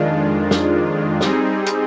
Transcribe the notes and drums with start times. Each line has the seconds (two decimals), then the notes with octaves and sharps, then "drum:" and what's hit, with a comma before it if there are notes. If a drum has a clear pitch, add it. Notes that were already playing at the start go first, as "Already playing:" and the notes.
Already playing: F2 D#3 G#3 D4 F4
0.51 drum: snare
1.21 G3 C4 D#4 G#4, drum: snare
1.66 drum: hi-hat